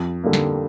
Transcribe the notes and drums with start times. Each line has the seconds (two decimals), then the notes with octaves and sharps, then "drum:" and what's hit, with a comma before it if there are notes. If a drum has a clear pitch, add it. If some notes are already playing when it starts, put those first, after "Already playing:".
Already playing: F2
0.24 D3 G3 A#3
0.33 drum: snare